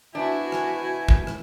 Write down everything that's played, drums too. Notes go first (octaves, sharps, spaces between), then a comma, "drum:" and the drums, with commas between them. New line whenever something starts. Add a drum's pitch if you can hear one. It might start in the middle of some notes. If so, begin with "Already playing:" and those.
B2 D4 E4 F#4 C5 E5 G#5
drum: rim click
drum: kick
drum: rim click